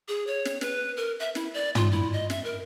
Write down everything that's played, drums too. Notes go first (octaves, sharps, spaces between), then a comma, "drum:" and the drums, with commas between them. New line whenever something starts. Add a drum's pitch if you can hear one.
G#4
C#5
drum: snare
B4, drum: snare
A#4
E5
E4, drum: snare
D5
F4, drum: tom
E4
D#5
E5, drum: snare
A#4